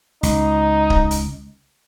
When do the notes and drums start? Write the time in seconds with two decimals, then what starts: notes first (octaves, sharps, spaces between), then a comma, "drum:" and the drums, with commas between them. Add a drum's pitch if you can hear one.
0.23 C#2 D#4, drum: hi-hat
0.90 drum: kick D1
1.11 drum: hi-hat